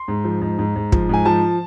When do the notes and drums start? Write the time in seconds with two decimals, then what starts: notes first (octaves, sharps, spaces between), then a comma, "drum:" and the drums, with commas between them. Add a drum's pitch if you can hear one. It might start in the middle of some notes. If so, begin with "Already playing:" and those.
Already playing: C6
0.08 G#2
0.25 F3
0.41 G#2
0.59 G#2
0.76 G#2
0.92 F3, drum: kick
1.09 G#2 G#5
1.26 F3 A5